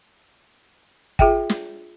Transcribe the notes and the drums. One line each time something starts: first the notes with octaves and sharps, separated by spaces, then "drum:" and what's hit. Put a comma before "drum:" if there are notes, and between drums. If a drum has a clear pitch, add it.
F4 G#4 E5 G5, drum: kick
drum: snare